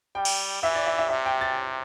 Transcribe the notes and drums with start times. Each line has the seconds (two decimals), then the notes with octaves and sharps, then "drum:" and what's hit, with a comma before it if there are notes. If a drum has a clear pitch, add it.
0.15 G3 G5
0.25 drum: cymbal
0.62 E3 E5
0.75 D5
0.87 E5
0.98 E5
1.09 C3 E5
1.26 G5
1.41 A6